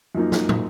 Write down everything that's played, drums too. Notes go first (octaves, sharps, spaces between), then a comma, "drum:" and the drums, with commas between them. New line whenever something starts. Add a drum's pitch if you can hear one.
F#2 F3 A#3 D#4
drum: snare
drum: tom